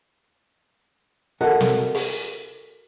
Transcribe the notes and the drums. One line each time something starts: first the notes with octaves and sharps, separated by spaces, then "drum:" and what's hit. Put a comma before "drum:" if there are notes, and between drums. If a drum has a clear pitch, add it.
F#4 A4 A#4 D#5 F#5
drum: snare
drum: open hi-hat